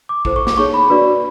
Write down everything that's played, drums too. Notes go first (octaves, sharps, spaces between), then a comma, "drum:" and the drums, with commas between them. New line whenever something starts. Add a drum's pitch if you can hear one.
D6
E4 A4 C5 D6, drum: kick
C#6
D6, drum: snare
D#4 G#4 C#5 C#6
B5
D4 F#4 B4 D5